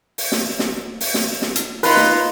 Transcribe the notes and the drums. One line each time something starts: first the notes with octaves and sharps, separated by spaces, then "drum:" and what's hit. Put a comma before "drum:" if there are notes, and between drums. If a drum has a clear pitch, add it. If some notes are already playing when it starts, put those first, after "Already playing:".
drum: open hi-hat
drum: snare
drum: snare
drum: open hi-hat
drum: snare
drum: snare
drum: hi-hat
D#4 F4 B4, drum: open hi-hat
drum: snare